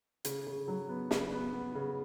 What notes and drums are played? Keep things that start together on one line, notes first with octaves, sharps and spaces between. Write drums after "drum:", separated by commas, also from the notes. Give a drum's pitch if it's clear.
C#3, drum: hi-hat
C#3
F#3
B3
C#3, drum: snare
B3
B3
C#3